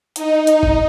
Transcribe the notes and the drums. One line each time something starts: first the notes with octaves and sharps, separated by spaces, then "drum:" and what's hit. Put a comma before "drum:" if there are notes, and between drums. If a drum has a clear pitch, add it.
D#4, drum: hi-hat
drum: hi-hat
drum: kick F#1